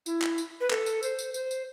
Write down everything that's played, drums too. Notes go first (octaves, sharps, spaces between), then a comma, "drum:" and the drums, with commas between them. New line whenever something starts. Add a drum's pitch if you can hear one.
E4, drum: tambourine
drum: clap
drum: tambourine
B4
A4, drum: clap
drum: tambourine
C5, drum: tambourine
drum: tambourine
C5, drum: tambourine
drum: tambourine